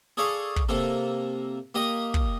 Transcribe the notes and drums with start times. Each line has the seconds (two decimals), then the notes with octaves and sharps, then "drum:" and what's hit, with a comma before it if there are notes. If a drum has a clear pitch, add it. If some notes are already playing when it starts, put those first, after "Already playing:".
0.17 G#4 A4 D5 F5 C#6
0.56 drum: kick
0.69 C3 A#3 A4
1.75 A#3 G4 D#5 D#6
2.14 drum: kick